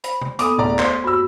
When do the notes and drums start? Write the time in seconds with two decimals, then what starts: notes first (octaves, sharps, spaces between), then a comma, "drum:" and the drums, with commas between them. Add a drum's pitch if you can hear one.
0.04 C5 B5, drum: hi-hat
0.21 drum: tom C3
0.39 B3 A4 G#5 D6 D#6, drum: hi-hat
0.58 D1 D5 A#5
0.79 C5, drum: clap
1.04 G2 F#4 B5 E6